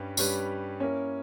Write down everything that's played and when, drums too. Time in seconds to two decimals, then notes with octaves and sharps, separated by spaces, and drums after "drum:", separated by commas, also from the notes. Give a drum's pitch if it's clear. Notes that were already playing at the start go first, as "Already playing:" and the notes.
Already playing: G2 G3 C#4 G4 B4
0.17 G2 G3 C#4 G4 B4, drum: tambourine
0.80 A#3 C#4 E4 A#4